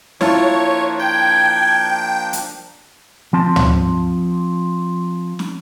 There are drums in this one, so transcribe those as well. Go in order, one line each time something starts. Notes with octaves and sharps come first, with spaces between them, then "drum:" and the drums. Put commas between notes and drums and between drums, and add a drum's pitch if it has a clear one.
F3 A#3 D4 E4 F4 C#5 A5, drum: snare
G5 G#6
drum: hi-hat
F3 C4 A5 C6
drum: tom
drum: snare